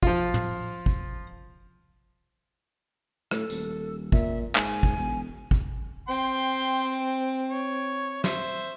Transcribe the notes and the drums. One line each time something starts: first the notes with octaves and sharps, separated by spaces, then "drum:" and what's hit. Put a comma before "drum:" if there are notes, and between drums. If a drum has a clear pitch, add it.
F3 F4, drum: kick
drum: tom
drum: kick
A2 A4, drum: rim click
D#1, drum: tambourine
A#2 E5, drum: kick
G#2 G#5, drum: clap
drum: kick
E1
drum: kick
C4 G5 C6
C#5
C5 E5, drum: snare